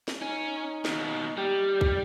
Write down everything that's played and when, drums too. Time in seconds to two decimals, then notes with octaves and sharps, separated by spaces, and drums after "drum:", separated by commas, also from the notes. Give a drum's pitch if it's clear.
0.08 drum: snare
0.22 C#4 D#4
0.85 D#2 B2, drum: snare
1.37 G3 G4
1.81 drum: kick B1